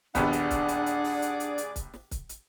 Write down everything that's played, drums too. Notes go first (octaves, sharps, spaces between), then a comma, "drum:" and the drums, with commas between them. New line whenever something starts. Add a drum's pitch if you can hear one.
A#1 D#2 B3 D4 G#4 D5 F#5, drum: kick, hi-hat
drum: hi-hat
drum: kick, hi-hat
drum: hi-hat
drum: hi-hat
drum: open hi-hat
drum: hi-hat
drum: hi-hat
drum: hi-hat
drum: kick, hi-hat
drum: snare
drum: kick, hi-hat
drum: hi-hat